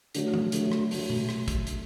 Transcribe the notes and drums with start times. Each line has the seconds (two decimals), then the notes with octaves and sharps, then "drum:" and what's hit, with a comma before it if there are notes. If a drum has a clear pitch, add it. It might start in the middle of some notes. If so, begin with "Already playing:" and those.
0.15 D3 F#3 A3, drum: hi-hat
0.34 drum: tom
0.52 D3 F#3 A3, drum: hi-hat
0.72 drum: rim click
0.91 D3 F#3 A3, drum: open hi-hat
1.10 drum: tom B2
1.29 drum: rim click
1.48 drum: kick, hi-hat
1.67 drum: hi-hat